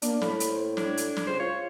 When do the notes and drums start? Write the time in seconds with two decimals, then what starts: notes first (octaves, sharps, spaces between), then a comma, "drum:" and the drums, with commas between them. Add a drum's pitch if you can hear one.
0.02 A#3 D4, drum: hi-hat
0.21 A2 B5, drum: snare
0.40 drum: hi-hat
0.50 C5
0.77 D4 G#6, drum: snare
0.97 drum: hi-hat
1.17 drum: snare
1.27 C#2 C5
1.40 F4 C#5